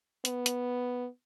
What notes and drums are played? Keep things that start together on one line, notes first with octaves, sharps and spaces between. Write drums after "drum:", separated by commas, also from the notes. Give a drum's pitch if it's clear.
B3, drum: hi-hat
drum: hi-hat